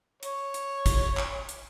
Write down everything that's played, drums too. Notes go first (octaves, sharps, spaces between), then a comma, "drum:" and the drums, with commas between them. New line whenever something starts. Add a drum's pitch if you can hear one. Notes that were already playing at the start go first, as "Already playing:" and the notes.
C#5, drum: hi-hat
drum: hi-hat
drum: kick, hi-hat
drum: clap
drum: hi-hat